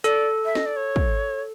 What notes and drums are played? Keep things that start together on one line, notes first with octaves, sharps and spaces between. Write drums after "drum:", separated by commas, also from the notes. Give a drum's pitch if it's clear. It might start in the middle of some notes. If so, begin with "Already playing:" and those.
A4 D5, drum: hi-hat
E5
D#5, drum: snare
D5
C#5
drum: kick